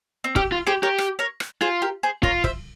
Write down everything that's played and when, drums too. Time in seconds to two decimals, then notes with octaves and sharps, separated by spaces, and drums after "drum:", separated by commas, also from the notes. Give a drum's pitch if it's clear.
0.24 C4
0.36 C#4 G4, drum: kick
0.52 F4
0.67 G4 G#4 C5
0.83 G4 A#4 C#5
0.98 drum: rim click
1.19 A#4 C#5
1.40 drum: rim click
1.61 F4 G#4 C5
1.82 G4 A#4
2.03 G#4 C5
2.23 F4 A#4 C#5, drum: kick
2.44 C5 E5, drum: kick